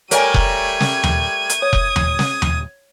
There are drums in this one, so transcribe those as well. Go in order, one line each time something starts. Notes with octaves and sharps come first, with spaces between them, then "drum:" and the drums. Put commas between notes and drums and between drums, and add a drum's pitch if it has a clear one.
G3 A3 A#4 C#5 D5 G#5 G#6 D#7, drum: hi-hat
drum: kick F1
drum: snare
drum: tom D#2
drum: hi-hat
C#5 D#6
drum: kick F1
drum: tom D#2
drum: snare
drum: tom D#2